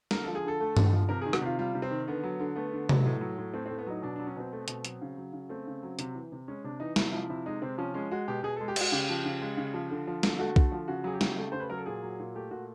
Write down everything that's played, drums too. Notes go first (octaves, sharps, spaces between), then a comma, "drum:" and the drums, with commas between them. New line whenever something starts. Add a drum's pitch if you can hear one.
D3 A#4, drum: snare
F3 A4
G#4
D3 A4
A3
D3, drum: tom G2
F3
C3 A#4
G#4
D#3
F#4, drum: rim click
C3 F4
G3 F4
C3
C4
D#3
D3 B3
F#3
D3
A3 B3
D3
F#3, drum: tom C3
A2
F#3
A2
A3 C4
C4
A2
B3
F#3 D#4
B2 D4
D4
F#3
C#4
B2 C4
A3
B2, drum: hi-hat
F#3, drum: hi-hat
C#3
F#3
C#3
A3 C4
C#3
F#3
C3, drum: hi-hat
E3
C3
G#3 C#4
C3 D4
E3 D#4
C3 E4, drum: snare
F3 E4
C3 E4
G#3 D#4
C3 C4
F3 C#4
G#3 C#4
G#3 F#4
B2 G4
B2 G#4
A4
G#3
G4
G#3 F#4, drum: cymbal
C#3 G4
F3
C#3
G#3
C#3
F3
D3
F3
D3, drum: snare
A3 F#4
D3, drum: kick B1
F3
C#3 F#4
F#3 G#4
G4
C#3, drum: snare
A3
C#3 C5
B4
F#3 A#4
A4
A#2 G#4
F#3
A#2
A3 G4
A#2 F#4